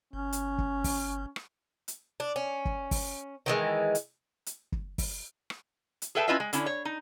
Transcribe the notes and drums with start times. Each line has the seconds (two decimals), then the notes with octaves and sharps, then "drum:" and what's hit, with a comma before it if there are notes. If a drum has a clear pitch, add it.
0.13 G1 C#4
0.33 drum: hi-hat
0.58 drum: kick
0.84 drum: kick, open hi-hat
1.36 drum: rim click
1.88 drum: hi-hat
2.20 D4
2.36 C#4
2.65 drum: kick
2.91 drum: kick, open hi-hat
3.46 D#3 E3 G#3
3.95 drum: hi-hat
4.46 drum: hi-hat
4.72 drum: kick
4.98 drum: kick, open hi-hat
5.50 drum: rim click
6.02 drum: hi-hat
6.15 G#4 A4 B4 E5 G5 A5
6.28 C#4 E4 F4 B4 D#5 E5
6.40 G#3
6.53 D3 C#4 E4, drum: hi-hat
6.66 C#5
6.85 D#4